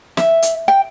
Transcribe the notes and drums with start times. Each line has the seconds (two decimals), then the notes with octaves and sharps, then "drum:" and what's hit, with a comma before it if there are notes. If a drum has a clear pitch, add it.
0.17 E5, drum: snare
0.42 drum: hi-hat
0.68 G5